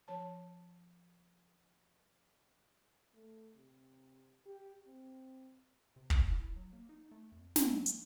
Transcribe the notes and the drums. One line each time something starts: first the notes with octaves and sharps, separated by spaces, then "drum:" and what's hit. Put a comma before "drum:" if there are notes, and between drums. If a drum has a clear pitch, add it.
F3 C#5 A5
A3
C3
G4
C4
C3
C3, drum: kick
E4
F#3
A#3
D#4
A3
F2
D2, drum: snare
C#4
A#3, drum: hi-hat